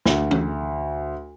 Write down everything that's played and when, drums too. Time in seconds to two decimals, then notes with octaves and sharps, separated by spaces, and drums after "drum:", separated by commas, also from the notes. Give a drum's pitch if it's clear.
0.06 D2, drum: snare
0.31 drum: tom E3